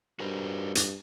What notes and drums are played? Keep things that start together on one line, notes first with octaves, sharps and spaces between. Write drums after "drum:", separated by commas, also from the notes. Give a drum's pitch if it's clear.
G2 F#4 A#4 C5
drum: hi-hat